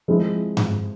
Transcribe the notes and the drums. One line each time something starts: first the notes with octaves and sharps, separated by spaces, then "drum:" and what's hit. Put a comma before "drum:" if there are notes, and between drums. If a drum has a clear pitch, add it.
F3 G#3 C4 E4
drum: tom G2